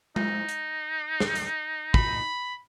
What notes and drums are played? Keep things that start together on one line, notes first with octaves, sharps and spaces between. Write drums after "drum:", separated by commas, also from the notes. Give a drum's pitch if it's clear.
D#4, drum: tom G#3
drum: hi-hat
drum: snare
drum: hi-hat
B5, drum: kick